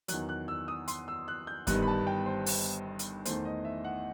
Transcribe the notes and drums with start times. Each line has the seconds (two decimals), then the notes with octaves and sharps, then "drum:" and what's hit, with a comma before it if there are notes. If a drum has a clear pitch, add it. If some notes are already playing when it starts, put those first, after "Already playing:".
0.08 E2 D#3 F#3 F#6, drum: hi-hat
0.29 F#6
0.48 E6
0.68 D#6
0.88 C6, drum: hi-hat
1.08 E6
1.28 F#6
1.47 G6
1.67 G1 G2 D#3 G3 B3 F#6, drum: kick, hi-hat
1.82 B5
1.88 A5
2.07 G5
2.26 C5
2.46 drum: open hi-hat
2.99 drum: hi-hat
3.25 E2 D#3 A3 C5, drum: hi-hat
3.45 D#5
3.65 E5
3.85 F#5